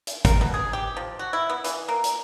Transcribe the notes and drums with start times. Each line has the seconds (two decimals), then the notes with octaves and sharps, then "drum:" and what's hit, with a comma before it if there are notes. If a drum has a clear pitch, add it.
0.07 drum: hi-hat
0.25 A#4, drum: kick, hi-hat
0.41 B2
0.54 G#4
0.73 G4
0.97 F3
1.19 F#4
1.33 E4
1.50 B3
1.64 E3, drum: hi-hat
1.88 A#3
2.04 drum: hi-hat